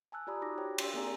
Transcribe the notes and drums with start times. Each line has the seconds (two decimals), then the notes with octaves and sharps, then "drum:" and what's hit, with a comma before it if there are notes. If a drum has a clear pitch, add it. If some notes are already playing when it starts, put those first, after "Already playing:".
0.12 G#5 A5 E6 F#6
0.27 F4 G4 D5 A#5 B5 D#6
0.42 D#4 F#4 D6 A#6
0.58 F4 G4 C5 C#5 G5
0.78 G4 C6 E6, drum: cymbal
0.94 A#3 C4 G#4 G#5 A#5 E6